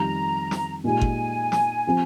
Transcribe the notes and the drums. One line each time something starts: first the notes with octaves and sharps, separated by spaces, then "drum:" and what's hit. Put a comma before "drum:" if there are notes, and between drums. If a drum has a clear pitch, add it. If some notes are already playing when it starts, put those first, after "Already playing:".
Already playing: F2 D#3 G3 A#5
drum: snare
A#2 G#3 D#4 G4 G#5
drum: kick G1
drum: snare
F3 C4